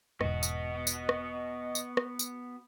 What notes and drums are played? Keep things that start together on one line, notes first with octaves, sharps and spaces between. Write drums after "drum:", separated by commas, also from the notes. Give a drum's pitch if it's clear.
E1 G#2 B3 F#4 D#5, drum: rim click
drum: tambourine
drum: tambourine
drum: rim click
drum: tambourine
drum: rim click
drum: tambourine